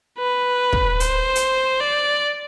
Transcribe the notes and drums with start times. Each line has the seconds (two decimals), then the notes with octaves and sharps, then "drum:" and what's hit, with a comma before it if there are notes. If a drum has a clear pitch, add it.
0.19 B4
0.73 drum: kick
1.00 C5, drum: hi-hat
1.35 drum: hi-hat
1.80 D5